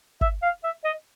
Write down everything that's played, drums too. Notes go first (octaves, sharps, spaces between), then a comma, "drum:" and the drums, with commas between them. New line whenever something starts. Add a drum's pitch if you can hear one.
E5, drum: kick G1
F5
E5
D#5